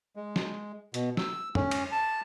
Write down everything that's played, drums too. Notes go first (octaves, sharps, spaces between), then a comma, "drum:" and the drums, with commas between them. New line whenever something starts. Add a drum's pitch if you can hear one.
G#3
drum: snare
B2, drum: hi-hat
E6, drum: snare
C#4, drum: tom F2
drum: cymbal
A5